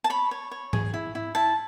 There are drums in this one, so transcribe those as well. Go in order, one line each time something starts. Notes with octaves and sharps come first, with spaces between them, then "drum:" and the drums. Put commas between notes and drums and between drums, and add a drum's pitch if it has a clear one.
A5
C#5 B5
C#5
C#5
G#4, drum: tom G#2
E4
E4
E4 A5